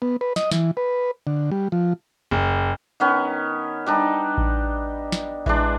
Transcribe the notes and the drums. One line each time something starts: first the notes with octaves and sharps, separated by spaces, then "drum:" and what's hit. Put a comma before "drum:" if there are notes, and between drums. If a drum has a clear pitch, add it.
B3
B4
D#5, drum: snare
E3, drum: snare
B4
D3
G3
F3
F#1
D#3 B3 C#4
G3 D4 D#4
drum: kick A1
drum: snare
E3 G#3 D4, drum: kick A1